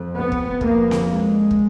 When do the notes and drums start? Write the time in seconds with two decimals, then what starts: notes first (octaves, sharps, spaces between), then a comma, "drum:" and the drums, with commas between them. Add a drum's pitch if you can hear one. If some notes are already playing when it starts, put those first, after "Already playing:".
Already playing: F2
0.17 B3
0.32 drum: kick
0.61 F2 A#3, drum: kick
0.91 drum: snare C4
1.06 G#3
1.51 drum: kick